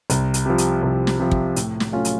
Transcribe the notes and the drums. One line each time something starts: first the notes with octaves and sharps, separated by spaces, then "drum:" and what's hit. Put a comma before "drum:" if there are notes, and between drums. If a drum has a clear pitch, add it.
C2, drum: hi-hat
drum: hi-hat
C3 F3
drum: hi-hat
C2
drum: snare
C3 F3
drum: kick
A2, drum: hi-hat
drum: snare
F#3 A3 C#4 F4
drum: hi-hat